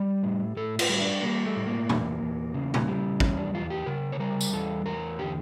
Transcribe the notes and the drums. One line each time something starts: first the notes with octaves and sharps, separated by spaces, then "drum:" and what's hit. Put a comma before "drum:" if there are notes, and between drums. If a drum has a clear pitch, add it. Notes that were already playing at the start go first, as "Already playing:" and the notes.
Already playing: G3 G4
A2
A2 A4
F4, drum: cymbal
G3
D4
G3 A#3
A3
A2
A#3
E2, drum: tom A#2
E2
C#3
drum: tom A#2
G3
E2 C#4, drum: kick
D4
E2 F4
G4
C#3 A#4
C#5
G3 A#4
drum: tambourine
E2 A4
E2 A#4
D3 G4